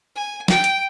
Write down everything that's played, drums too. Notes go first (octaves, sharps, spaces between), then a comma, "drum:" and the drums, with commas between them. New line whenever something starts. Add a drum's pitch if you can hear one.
G#5
G5, drum: snare
drum: hi-hat